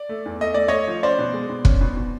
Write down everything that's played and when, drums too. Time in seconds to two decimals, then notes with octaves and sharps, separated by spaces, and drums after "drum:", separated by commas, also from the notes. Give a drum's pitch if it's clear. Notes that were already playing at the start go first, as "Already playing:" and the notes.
Already playing: D5
0.09 A3
0.26 E2
0.41 A3 D#5
0.54 A3 D5
0.68 A3 C#5 D#5
0.88 F3
1.03 C#4 C5 D5
1.19 B2
1.34 G#3
1.50 B2
1.65 C#4, drum: kick
1.81 B2
1.97 B2